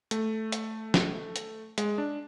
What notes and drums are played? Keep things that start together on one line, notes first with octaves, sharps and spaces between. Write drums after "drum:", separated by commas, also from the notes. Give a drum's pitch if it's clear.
A3, drum: hi-hat
drum: hi-hat
drum: snare
drum: hi-hat
G#3, drum: hi-hat
D4